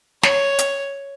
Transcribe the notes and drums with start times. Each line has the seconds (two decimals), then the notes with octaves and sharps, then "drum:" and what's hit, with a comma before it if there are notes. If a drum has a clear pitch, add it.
0.23 C#5, drum: snare
0.59 drum: hi-hat